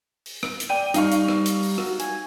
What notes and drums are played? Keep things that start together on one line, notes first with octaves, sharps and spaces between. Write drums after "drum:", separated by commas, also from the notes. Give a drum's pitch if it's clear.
drum: open hi-hat
drum: rim click
drum: hi-hat
D5 G5 D#7
G3 D#4 F5 C#6, drum: hi-hat
drum: hi-hat
drum: rim click
drum: hi-hat
drum: open hi-hat
F#4, drum: rim click
G#5, drum: hi-hat